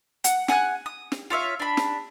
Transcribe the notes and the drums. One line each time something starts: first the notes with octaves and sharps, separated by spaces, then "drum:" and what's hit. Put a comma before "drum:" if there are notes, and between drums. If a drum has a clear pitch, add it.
F#5, drum: hi-hat
F#5 G#5 F6 F#6, drum: snare
D#6
drum: snare
F4 C#5 E5 F5
D4 B5
drum: snare